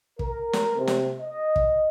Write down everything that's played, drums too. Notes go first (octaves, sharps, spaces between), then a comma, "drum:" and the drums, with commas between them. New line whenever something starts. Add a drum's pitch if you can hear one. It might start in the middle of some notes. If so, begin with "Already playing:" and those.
A#4, drum: kick
drum: snare
C3
drum: snare
D#5
drum: kick